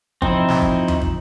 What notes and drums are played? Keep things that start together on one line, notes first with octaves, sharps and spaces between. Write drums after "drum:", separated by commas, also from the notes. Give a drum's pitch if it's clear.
F3 C4 D#4 E4, drum: kick
drum: snare
drum: kick
drum: tom D#2
drum: kick